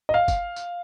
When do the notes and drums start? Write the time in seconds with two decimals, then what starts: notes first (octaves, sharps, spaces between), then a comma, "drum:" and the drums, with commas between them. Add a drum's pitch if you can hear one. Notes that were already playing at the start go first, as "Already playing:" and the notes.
0.09 D#5
0.14 F5
0.28 drum: kick, tambourine
0.56 drum: tambourine